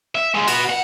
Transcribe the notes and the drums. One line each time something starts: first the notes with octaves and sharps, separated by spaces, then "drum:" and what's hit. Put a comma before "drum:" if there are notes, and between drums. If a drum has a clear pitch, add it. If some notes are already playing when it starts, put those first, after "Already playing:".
E5
G#3 F4
B3 F#4, drum: cymbal
F#5